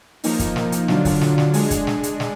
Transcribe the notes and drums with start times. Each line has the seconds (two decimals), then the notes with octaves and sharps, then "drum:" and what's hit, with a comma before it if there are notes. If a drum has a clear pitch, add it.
0.24 F3 A#3 D#4, drum: open hi-hat
0.39 drum: kick, hi-hat
0.56 drum: snare
0.72 drum: hi-hat
0.88 D3 F#3 D4 F4, drum: snare
1.05 drum: kick, open hi-hat
1.21 drum: snare
1.38 drum: snare
1.54 G#3 D4 G#4, drum: open hi-hat
1.71 drum: kick, hi-hat
1.87 drum: snare
2.03 drum: hi-hat
2.20 drum: snare